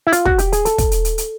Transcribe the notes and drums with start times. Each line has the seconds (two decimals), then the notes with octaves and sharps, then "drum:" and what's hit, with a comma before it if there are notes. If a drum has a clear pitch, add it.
0.07 E4
0.12 F4, drum: hi-hat
0.25 F#4, drum: kick
0.38 G4, drum: hi-hat
0.53 G#4, drum: hi-hat
0.65 A4, drum: hi-hat
0.78 drum: kick, hi-hat
0.91 drum: hi-hat
1.05 drum: hi-hat
1.18 drum: hi-hat